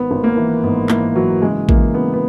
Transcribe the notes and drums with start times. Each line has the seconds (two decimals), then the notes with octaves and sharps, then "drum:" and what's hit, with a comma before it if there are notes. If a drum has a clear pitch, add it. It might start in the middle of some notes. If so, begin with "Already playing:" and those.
Already playing: G#1 B3
0.11 G#1
0.24 A#3
0.37 E3
0.63 G#2 B3
0.89 E3 A#3, drum: clap
1.15 E3 F#3
1.42 C#3 G#3
1.69 E3 A#3, drum: kick A1
1.94 C#3 B3
2.14 B3